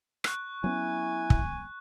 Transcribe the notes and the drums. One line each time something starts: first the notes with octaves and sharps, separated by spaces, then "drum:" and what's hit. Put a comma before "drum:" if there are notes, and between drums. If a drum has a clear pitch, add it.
C#6 F#6, drum: rim click
F#3 B3 C#4 E4 G#5
drum: kick